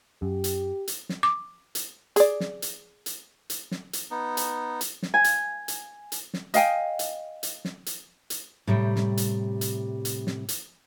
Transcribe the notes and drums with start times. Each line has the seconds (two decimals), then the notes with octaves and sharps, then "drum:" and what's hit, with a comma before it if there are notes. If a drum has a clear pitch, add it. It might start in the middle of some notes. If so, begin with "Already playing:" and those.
0.22 F#2 G4
0.44 drum: hi-hat
0.88 drum: hi-hat
1.09 drum: snare
1.23 D6
1.75 drum: hi-hat
2.16 G#4 D5, drum: hi-hat
2.40 drum: snare
2.62 drum: hi-hat
3.06 drum: hi-hat
3.50 drum: hi-hat
3.71 drum: snare
3.93 drum: hi-hat
4.11 B3 D#4
4.37 drum: hi-hat
4.81 drum: hi-hat
5.03 drum: snare
5.14 G#5
5.24 drum: hi-hat
5.68 drum: hi-hat
6.12 drum: hi-hat
6.34 drum: snare
6.54 D#5 F5 G5 G#5, drum: hi-hat
6.99 drum: hi-hat
7.43 drum: hi-hat
7.65 drum: snare
7.86 drum: hi-hat
8.30 drum: hi-hat
8.67 A2 C3 G3
8.96 drum: snare
9.17 drum: hi-hat
9.61 drum: hi-hat
10.05 drum: hi-hat
10.27 drum: snare
10.49 drum: hi-hat